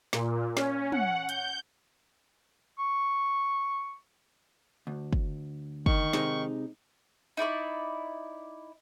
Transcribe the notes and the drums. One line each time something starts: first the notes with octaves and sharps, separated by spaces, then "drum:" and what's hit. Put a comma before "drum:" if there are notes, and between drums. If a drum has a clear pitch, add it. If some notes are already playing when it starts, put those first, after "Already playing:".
A#2, drum: snare
C#4, drum: snare
F#5, drum: tom
G6, drum: hi-hat
C#6
D2
drum: kick
D#3 C#6, drum: kick
C3 G#3 D#4, drum: snare
D#4 E4 D5 C#6